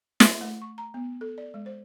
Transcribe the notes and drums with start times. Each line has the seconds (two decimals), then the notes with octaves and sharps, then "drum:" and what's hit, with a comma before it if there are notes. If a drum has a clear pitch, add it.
0.20 C6, drum: snare
0.41 A3
0.62 C#6
0.78 A#5
0.94 B3
1.21 A4
1.38 D5
1.54 G#3
1.66 C5